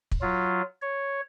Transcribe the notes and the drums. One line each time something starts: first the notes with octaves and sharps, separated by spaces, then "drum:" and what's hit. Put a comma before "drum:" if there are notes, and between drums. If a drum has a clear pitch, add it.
drum: kick
F#3 F4
C#5